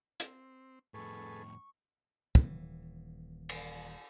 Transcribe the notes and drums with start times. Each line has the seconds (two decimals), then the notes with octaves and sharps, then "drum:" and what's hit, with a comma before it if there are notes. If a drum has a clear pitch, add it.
0.20 C4, drum: hi-hat
0.94 F2 A2 G#4 A4 B4 C#6
2.35 D#1 E3, drum: kick
3.49 drum: cymbal